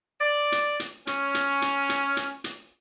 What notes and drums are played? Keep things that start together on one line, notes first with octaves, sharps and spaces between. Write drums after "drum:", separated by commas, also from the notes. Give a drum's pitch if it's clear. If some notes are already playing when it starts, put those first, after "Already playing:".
D5
drum: hi-hat
drum: hi-hat
C#4, drum: hi-hat
drum: hi-hat
drum: hi-hat
drum: hi-hat
drum: hi-hat
drum: hi-hat